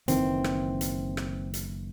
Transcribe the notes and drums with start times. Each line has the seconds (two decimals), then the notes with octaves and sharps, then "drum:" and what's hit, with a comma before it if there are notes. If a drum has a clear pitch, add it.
0.08 F#1 D#3 E3 C4, drum: hi-hat
0.44 drum: rim click
0.81 drum: hi-hat
1.17 drum: rim click
1.54 drum: hi-hat